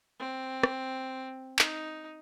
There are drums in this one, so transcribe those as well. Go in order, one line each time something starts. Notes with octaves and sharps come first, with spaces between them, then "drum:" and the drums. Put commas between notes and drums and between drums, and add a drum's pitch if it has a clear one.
C4
drum: rim click
D#4, drum: clap